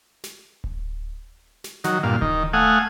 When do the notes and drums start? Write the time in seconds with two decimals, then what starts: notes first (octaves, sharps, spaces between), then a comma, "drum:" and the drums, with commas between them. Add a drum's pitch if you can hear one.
0.24 drum: snare
0.64 drum: kick D1
1.64 drum: snare
1.84 D#3 F#3, drum: snare
2.03 G2 A#2 F5
2.21 D#3, drum: kick D1
2.53 A3 F5 F#5 G#5 D#6